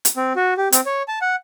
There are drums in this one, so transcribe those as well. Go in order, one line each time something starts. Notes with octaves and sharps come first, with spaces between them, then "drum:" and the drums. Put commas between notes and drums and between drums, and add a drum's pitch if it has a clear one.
drum: hi-hat
C4
F#4
G4
C4, drum: hi-hat
C#5
A5
F#5